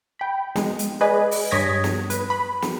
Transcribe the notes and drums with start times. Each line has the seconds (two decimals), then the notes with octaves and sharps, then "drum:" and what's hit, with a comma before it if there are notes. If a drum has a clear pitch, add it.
0.19 G5 B5
0.56 G#3, drum: snare
0.79 drum: hi-hat
1.01 G#4 B4 D5 D#5 G#5
1.31 drum: open hi-hat
1.51 G2 C#5 D#6 G#6 A#6 B6
1.84 drum: snare
2.10 B4, drum: hi-hat
2.30 B5
2.62 drum: snare